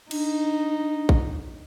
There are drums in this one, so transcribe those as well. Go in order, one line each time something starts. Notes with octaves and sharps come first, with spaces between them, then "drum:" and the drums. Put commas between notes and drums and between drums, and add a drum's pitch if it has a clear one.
D4 D#4, drum: cymbal
drum: kick